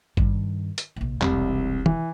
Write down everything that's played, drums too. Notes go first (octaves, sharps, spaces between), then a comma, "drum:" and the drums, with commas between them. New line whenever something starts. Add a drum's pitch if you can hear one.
G2 D#3, drum: kick G#1
drum: hi-hat
A#1 C3
E1 C2 C3, drum: clap
E3, drum: tom